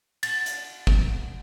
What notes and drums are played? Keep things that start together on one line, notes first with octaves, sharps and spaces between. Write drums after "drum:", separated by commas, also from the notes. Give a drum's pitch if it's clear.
A6, drum: cymbal
drum: hi-hat
drum: kick